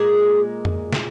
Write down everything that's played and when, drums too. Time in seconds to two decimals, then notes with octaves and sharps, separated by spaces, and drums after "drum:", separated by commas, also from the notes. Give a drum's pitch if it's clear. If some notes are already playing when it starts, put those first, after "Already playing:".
Already playing: A#2 G#3 G#4
0.65 drum: tom
0.92 drum: snare